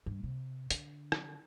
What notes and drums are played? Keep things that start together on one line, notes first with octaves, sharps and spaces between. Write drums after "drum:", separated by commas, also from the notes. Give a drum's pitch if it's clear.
G2
C3
D3, drum: hi-hat
drum: rim click